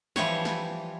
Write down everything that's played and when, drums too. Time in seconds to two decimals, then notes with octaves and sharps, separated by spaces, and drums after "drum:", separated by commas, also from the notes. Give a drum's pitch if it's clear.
0.16 E3 F3 G3 C#5, drum: snare
0.45 drum: snare